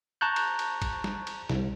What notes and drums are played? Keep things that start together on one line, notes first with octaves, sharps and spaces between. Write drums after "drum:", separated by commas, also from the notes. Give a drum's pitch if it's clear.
A5 A#5 C#6 F#6 G6
drum: cymbal
drum: cymbal
drum: kick G#1, cymbal
drum: snare
drum: cymbal
C2, drum: snare